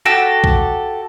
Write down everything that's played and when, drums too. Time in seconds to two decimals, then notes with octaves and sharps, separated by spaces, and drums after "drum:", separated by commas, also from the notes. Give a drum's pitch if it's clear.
0.05 F#4 G4 A4
0.44 drum: kick